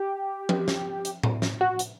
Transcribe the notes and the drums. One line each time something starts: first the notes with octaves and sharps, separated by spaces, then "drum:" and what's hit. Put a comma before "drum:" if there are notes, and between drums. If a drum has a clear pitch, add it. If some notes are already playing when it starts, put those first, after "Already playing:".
Already playing: G4
drum: tom F3
drum: snare
drum: hi-hat
drum: tom A2
drum: snare
F#4
drum: hi-hat